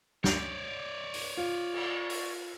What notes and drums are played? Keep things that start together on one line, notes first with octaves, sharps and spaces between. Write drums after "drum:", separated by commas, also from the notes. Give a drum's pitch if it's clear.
C#5 D5 G6 F7, drum: snare
drum: open hi-hat
F4
drum: cymbal
drum: open hi-hat